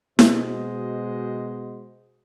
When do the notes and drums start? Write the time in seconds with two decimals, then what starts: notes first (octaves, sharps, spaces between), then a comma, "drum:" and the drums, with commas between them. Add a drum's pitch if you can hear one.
0.19 B2 G#3 F#4 C5 D#5, drum: snare E4